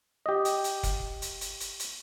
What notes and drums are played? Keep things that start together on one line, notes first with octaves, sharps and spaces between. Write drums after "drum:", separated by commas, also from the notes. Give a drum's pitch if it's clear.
G4 D#5
drum: hi-hat
drum: hi-hat
drum: kick, hi-hat
drum: hi-hat
drum: hi-hat
drum: hi-hat
drum: hi-hat